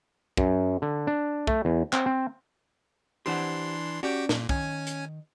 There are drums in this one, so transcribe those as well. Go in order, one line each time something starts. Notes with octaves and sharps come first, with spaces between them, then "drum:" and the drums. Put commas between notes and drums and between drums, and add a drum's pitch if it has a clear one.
F#2, drum: kick
D3
D4
A3, drum: kick
E2
C4, drum: clap
C4
E3 D4 G4 C5 F#5 C6
C#4 F#4 G4 D5 G5
A#2, drum: snare
D#3 C#4 G#5, drum: kick
drum: hi-hat